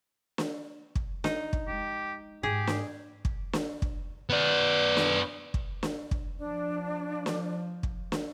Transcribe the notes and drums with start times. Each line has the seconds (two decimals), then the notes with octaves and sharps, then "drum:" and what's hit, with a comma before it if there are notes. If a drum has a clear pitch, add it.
0.38 drum: snare
0.95 drum: kick
1.24 D#4, drum: snare
1.53 drum: kick
1.68 F3 G#3 G4
2.43 G#2 G4 G#4
2.67 drum: snare
3.25 drum: kick
3.53 drum: snare
3.82 drum: kick
4.30 B3 D5
4.97 drum: snare
5.54 drum: kick
5.83 drum: snare
6.11 drum: kick
6.38 F3 D4
7.26 drum: snare
7.83 drum: kick
8.12 drum: snare